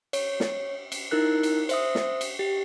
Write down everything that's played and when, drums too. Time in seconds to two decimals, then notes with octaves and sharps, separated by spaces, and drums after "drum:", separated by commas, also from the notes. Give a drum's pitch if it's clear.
0.13 C#5, drum: cymbal
0.40 drum: snare
0.92 drum: cymbal
1.11 D#4 E4 A#4 F#6
1.43 drum: cymbal
1.69 C5 E5 D#6, drum: cymbal
1.95 drum: snare
2.21 drum: cymbal
2.39 G4